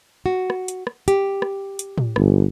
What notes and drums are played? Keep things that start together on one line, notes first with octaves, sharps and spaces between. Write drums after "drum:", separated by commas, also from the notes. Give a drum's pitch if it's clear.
F#4
drum: rim click
drum: hi-hat
drum: rim click
G4, drum: hi-hat
drum: rim click
drum: hi-hat
drum: tom A2
G1, drum: rim click